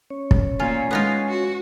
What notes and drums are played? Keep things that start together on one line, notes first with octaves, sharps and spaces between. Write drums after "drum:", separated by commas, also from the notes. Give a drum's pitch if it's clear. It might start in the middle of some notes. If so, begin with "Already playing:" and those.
C#4 C#5
drum: kick
A#2 F4 G#5
G#3 B3 D#4 F4
F#4